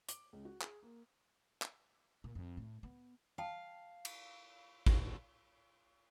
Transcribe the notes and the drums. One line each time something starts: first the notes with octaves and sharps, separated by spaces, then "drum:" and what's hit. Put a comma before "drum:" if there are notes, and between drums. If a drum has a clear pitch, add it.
D6, drum: hi-hat
C#2
F#4
G#4, drum: clap
A#3
drum: clap
A#2
F2
A2
B3
F5 G5 A5
drum: cymbal
drum: kick G#1